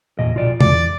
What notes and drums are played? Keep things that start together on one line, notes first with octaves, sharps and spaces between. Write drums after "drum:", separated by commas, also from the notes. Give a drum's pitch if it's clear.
E2 A#2 D#5
B1 F4 D5
E2 G#2 D5, drum: tom